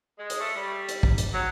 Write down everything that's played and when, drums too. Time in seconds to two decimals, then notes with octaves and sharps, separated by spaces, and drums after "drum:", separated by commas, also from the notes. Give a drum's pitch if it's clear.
0.19 G#3
0.30 drum: hi-hat
0.40 A3
0.55 G3
0.89 drum: hi-hat
1.03 drum: kick
1.18 drum: hi-hat
1.33 F#3